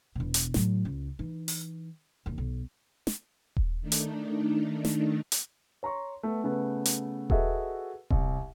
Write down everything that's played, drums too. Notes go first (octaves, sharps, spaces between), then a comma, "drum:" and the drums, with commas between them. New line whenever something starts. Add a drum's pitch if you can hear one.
E1 B2
drum: hi-hat
A2 F#3, drum: snare
C#2
E3 D#4
drum: open hi-hat
E1 D#2
B1
drum: snare
drum: kick D#1
D#3 A3 D4 D#4
drum: hi-hat
drum: snare
drum: hi-hat
C#5 A#5 C6 C#6
A3 B3
C#3 A3 B3
drum: hi-hat
F#4 G#4 A4 B4 D#5 E5, drum: kick D#1
C2, drum: kick D#1